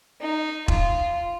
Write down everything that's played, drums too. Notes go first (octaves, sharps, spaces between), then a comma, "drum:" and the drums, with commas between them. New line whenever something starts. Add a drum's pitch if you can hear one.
D#4
F4, drum: kick E1